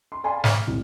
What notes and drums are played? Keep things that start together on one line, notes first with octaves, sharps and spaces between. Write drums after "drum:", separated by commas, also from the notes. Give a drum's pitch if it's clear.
C6
D5 F5 G#5 A5 B5 C6
F6, drum: snare
C2 A2